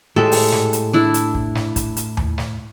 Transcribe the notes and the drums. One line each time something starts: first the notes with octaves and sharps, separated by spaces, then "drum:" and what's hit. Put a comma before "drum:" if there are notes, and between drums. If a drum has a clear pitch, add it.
A2 G#3 A3 G4 A4
drum: open hi-hat
drum: snare
drum: hi-hat
D4 E4
drum: hi-hat
drum: kick
drum: snare
drum: kick, hi-hat
drum: hi-hat
drum: tom D#2
drum: snare